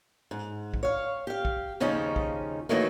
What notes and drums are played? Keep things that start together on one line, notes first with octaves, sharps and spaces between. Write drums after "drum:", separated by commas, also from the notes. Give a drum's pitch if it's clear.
G#2
drum: kick
C#5 F5
G4 F5
drum: kick
D#2 C#3 F3 C#4 D#4
drum: kick
D#3 E3 F#3 A3 A#3 D#4